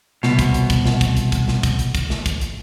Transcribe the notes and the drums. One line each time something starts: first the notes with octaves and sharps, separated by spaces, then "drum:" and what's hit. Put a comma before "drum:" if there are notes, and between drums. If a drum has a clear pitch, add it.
C2 B2, drum: snare
drum: kick, hi-hat
drum: hi-hat
drum: kick, hi-hat
drum: snare
drum: kick, hi-hat
drum: hi-hat
drum: kick, hi-hat
drum: snare
drum: kick, hi-hat
drum: hi-hat
drum: kick, hi-hat
drum: snare
drum: kick, hi-hat
drum: hi-hat